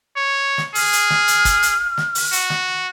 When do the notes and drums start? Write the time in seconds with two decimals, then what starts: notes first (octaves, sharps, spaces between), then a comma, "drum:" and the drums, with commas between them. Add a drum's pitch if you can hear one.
0.17 C#5
0.58 drum: snare
0.75 G#4 F6, drum: open hi-hat
0.93 drum: hi-hat
1.10 drum: snare
1.28 drum: hi-hat
1.45 drum: kick, hi-hat
1.63 drum: hi-hat
1.98 drum: snare
2.15 drum: open hi-hat
2.32 F#4, drum: hi-hat
2.50 drum: snare